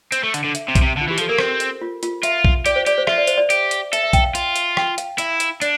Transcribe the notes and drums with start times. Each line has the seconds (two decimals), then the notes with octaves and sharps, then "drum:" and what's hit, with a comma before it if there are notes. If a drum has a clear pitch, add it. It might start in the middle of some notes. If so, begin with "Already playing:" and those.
0.12 C4, drum: hi-hat
0.24 A3
0.34 D3, drum: hi-hat
0.44 D3
0.55 E5, drum: hi-hat
0.69 C3
0.75 E5, drum: kick B1, hi-hat
0.82 C3
0.97 D3
1.01 F4
1.08 E3 G4
1.18 F3, drum: hi-hat
1.21 A4
1.29 A#3 A#4
1.39 C4 C5, drum: rim click
1.60 drum: hi-hat
1.81 F4
2.03 F4, drum: hi-hat
2.23 F4 E5, drum: hi-hat
2.45 drum: kick B1
2.66 G4 D5, drum: hi-hat
2.76 C5
2.86 G4 D5, drum: hi-hat
2.98 C5
3.07 F4 E5, drum: rim click
3.18 D5
3.27 C5, drum: hi-hat
3.37 D5
3.50 G4, drum: hi-hat
3.71 drum: hi-hat
3.93 A4 E5, drum: hi-hat
4.03 E5
4.13 G5, drum: kick B1, hi-hat
4.24 F5
4.35 F4, drum: hi-hat
4.56 drum: hi-hat
4.77 G5, drum: rim click
4.98 F5, drum: hi-hat
5.18 E4 E5, drum: hi-hat
5.40 drum: hi-hat
5.62 D4 D5, drum: hi-hat